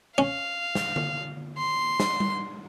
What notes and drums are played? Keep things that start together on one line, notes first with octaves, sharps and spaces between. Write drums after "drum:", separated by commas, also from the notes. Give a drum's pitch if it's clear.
C#4 F5
drum: snare
drum: tom D3
C6
drum: snare
drum: tom G3